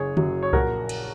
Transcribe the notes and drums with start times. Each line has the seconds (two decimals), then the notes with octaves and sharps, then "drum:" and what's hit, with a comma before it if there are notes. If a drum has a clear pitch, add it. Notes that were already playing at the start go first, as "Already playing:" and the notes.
Already playing: F#1 G#4 C#5
0.17 F#2 F#3, drum: tom D3
0.43 C#5
0.53 A#1 F#4 A#4, drum: kick C2
0.89 drum: cymbal